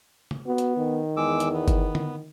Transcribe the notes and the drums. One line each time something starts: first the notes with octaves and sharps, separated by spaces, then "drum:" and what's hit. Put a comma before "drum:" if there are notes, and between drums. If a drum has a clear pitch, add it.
drum: tom
B3 F#4
drum: hi-hat
D#3
E2 G#3 D6 E6
drum: hi-hat
B3
drum: kick G1, hi-hat
drum: tom D3